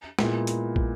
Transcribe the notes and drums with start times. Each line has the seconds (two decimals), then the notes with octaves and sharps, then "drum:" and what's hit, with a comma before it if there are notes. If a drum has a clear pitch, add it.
0.19 A#2 G#3 B3 E4, drum: snare
0.47 drum: hi-hat
0.76 drum: kick